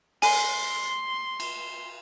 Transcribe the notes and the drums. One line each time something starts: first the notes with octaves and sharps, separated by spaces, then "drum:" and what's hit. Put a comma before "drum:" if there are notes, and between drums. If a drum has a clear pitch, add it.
G#5 C6, drum: open hi-hat
drum: cymbal